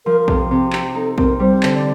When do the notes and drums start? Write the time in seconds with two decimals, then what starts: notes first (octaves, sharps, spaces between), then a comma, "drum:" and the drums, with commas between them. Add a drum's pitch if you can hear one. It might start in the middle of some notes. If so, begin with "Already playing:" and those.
0.06 F3 A#4
0.21 A#4
0.28 C3 A4, drum: kick A#1
0.51 C3 G4
0.73 D#4 G4, drum: clap
0.95 D#4 A4
1.18 C4 A#4, drum: kick A#1
1.40 G3 C5
1.63 D3, drum: clap
1.74 D5